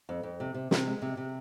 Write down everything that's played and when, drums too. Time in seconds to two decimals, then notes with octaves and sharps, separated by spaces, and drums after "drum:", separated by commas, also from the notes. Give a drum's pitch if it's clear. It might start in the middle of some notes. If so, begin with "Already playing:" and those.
0.09 F2
0.23 F2
0.40 C3
0.54 C3
0.71 C3, drum: snare
0.87 G#3
1.02 C3
1.17 C3